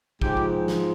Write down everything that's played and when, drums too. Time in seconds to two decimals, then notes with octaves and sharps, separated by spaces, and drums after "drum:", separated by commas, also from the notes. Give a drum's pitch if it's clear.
0.22 G#2 F3 G#3 G4, drum: kick
0.37 drum: tom C3
0.68 drum: snare